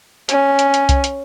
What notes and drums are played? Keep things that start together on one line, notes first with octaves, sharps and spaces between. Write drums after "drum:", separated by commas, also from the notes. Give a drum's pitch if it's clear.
C#4, drum: hi-hat
drum: hi-hat
drum: hi-hat
drum: kick C2, hi-hat
drum: hi-hat